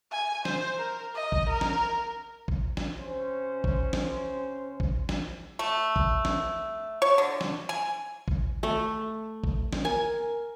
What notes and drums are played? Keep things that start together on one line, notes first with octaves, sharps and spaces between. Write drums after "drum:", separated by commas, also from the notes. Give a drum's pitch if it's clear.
G#5
C5, drum: snare
A#4
D#5
drum: kick
A#4
drum: snare
drum: kick
drum: snare
C3 C#4 C5
drum: kick
drum: snare
drum: kick
drum: snare
A3
drum: kick
drum: snare
C#5
D3
drum: snare
G#5
drum: kick
A3
drum: kick
drum: snare
A#4 G#5